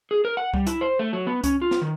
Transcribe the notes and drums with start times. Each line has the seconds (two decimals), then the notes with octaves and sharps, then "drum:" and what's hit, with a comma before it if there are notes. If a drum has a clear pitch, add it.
0.11 G#4
0.25 A#4
0.37 F#5
0.54 G3, drum: kick C#2
0.67 E4, drum: hi-hat
0.81 C5
0.99 A3
1.13 F#3
1.27 B3
1.44 C#4, drum: kick C#2, hi-hat
1.62 F4
1.71 drum: snare
1.82 D#3